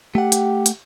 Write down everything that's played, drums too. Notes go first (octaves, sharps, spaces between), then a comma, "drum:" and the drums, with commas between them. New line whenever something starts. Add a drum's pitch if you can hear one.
A3 G4 F#5
drum: hi-hat
drum: hi-hat